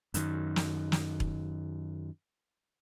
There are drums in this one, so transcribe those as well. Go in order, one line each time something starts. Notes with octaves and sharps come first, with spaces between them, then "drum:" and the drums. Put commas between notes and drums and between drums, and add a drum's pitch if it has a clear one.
F#2 D#3, drum: hi-hat
drum: snare
drum: snare
drum: kick E1